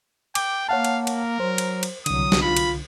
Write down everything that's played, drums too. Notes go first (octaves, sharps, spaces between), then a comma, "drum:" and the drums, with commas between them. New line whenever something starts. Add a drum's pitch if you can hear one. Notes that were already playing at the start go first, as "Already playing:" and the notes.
G5 D6, drum: cymbal
A#3 C#5 F5 F#5 A5
drum: cymbal
A#4, drum: cymbal
F#3 C5
drum: cymbal
drum: cymbal
C2 D3 F#3 D#6, drum: cymbal
drum: snare
F4 B5
drum: cymbal